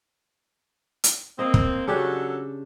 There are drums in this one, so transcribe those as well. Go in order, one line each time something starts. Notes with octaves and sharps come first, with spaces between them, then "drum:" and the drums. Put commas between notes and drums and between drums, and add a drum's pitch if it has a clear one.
drum: hi-hat
A#3 C4 D#5
drum: kick
C#3 F#3 D4 G4 A4